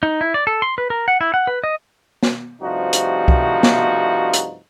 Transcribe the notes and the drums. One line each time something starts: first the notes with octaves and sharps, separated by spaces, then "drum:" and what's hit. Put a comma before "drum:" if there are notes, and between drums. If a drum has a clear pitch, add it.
D#4
E4
D5
A4
C6
B4
A#4
F#5
E4
F#5
B4
D#5
drum: snare B3
G2 C3 F3 A3 D#4 F#4
drum: hi-hat
drum: kick
drum: snare B3
drum: hi-hat